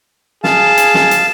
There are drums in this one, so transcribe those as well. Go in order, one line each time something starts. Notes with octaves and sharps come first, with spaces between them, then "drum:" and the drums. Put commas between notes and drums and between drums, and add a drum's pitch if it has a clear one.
G#4 F5 A5, drum: snare
drum: hi-hat
drum: snare
drum: hi-hat